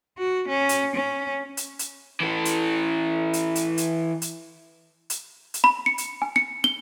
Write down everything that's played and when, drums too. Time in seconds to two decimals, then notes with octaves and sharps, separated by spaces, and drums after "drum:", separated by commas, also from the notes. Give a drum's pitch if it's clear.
0.18 F#4
0.48 C#4
0.69 drum: hi-hat
0.95 C#4
1.57 drum: hi-hat
1.79 drum: hi-hat
2.20 E3 A4
2.45 drum: hi-hat
3.33 drum: hi-hat
3.56 drum: hi-hat
3.78 drum: hi-hat
4.22 drum: hi-hat
5.10 drum: hi-hat
5.54 drum: hi-hat
5.64 B5
5.86 C#7
5.98 drum: hi-hat
6.22 G#5
6.36 C#7
6.64 G7